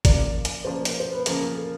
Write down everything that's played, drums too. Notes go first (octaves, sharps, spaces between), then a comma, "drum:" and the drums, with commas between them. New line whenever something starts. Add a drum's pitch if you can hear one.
C#3 F3 A#3 D5, drum: kick, hi-hat
drum: hi-hat
C#3 F3 A#3 C5
drum: hi-hat
C5
B4
C#3 F3 A#3 A#4, drum: hi-hat
A#4
A4